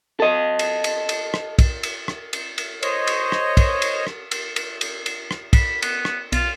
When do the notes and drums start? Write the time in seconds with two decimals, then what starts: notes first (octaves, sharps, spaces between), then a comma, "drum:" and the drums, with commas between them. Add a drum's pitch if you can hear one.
0.20 A4 D#5
0.59 drum: cymbal
0.84 drum: cymbal
1.09 drum: cymbal
1.34 drum: rim click
1.59 drum: kick, cymbal
1.83 drum: cymbal
2.08 drum: rim click
2.33 drum: cymbal
2.58 drum: cymbal
2.83 C5 C#5 D#5, drum: cymbal
3.07 drum: cymbal
3.32 drum: rim click
3.57 drum: kick, cymbal
3.82 drum: cymbal
4.07 drum: rim click
4.31 drum: cymbal
4.56 drum: cymbal
4.81 drum: cymbal
5.06 drum: cymbal
5.31 drum: rim click
5.53 B5, drum: kick, cymbal
5.82 B3, drum: cymbal
6.05 drum: rim click
6.32 B1 F4 A6, drum: cymbal